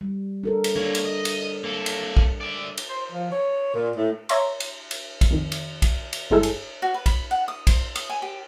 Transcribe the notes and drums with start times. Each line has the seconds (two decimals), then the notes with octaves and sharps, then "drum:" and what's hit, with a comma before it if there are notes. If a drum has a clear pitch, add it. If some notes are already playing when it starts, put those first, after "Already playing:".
0.01 G3
0.43 D4 A4 A#4
0.64 drum: cymbal
0.76 A#3 D4 C#5
0.95 drum: cymbal
1.05 D#5
1.25 drum: cymbal
1.64 A#3 A4
1.86 drum: cymbal
2.17 drum: kick
2.40 D5 E5
2.78 drum: cymbal
2.89 C5
3.11 F3
3.32 C#5
3.74 A#2
3.96 A2
4.29 C#5 E5 A#5 C6, drum: cymbal
4.60 drum: cymbal
4.91 drum: cymbal
5.21 drum: kick, cymbal
5.31 F2 D#3
5.52 drum: cymbal
5.82 drum: kick, cymbal
6.13 drum: cymbal
6.30 G1 G#3 E4 G#4 A4
6.43 drum: cymbal
6.82 F#4
6.94 B4
7.06 B5, drum: kick, cymbal
7.31 F#5
7.48 D#6
7.67 C5, drum: kick, cymbal
7.96 D#6, drum: cymbal
8.10 G#5
8.22 G4